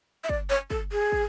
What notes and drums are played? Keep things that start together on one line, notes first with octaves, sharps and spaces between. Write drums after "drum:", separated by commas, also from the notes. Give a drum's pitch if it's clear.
E5
D5, drum: kick
C#5
A4, drum: kick
G#4
drum: kick